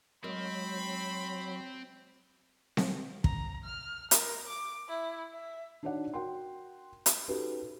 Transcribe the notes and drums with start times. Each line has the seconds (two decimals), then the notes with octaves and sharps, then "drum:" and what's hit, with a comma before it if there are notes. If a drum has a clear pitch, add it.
0.24 F#3 G#3 C4 A#4 D#5 B5
2.77 drum: snare C4
3.24 A#5, drum: kick
3.64 F6
4.11 A#4, drum: hi-hat
4.47 D6
4.88 E4
5.33 E5
5.83 D4 D#4 F#4 C#5 D5 F#5
6.13 F#4 A#4 F#5 G5 C6
7.06 drum: hi-hat
7.28 C#4 D#4 F#4 G4 A4 B4